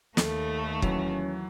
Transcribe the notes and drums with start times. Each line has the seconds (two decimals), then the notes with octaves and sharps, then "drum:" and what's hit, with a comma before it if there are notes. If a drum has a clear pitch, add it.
0.17 D#2 A3 A4, drum: snare
0.82 E3 F#3 C#4, drum: kick